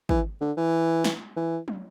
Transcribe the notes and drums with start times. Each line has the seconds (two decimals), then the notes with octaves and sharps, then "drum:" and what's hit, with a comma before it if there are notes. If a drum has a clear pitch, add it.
0.09 E3, drum: kick
0.41 D3
0.57 E3
1.04 drum: snare
1.36 E3
1.68 drum: tom